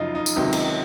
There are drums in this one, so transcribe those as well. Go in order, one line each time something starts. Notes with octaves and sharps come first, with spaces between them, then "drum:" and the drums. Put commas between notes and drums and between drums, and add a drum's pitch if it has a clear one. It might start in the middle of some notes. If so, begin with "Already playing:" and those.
Already playing: F#2 C#3 F3 D#4 F4
D#4
drum: tambourine
C#2 C3 D#3 F#3 D#4
drum: cymbal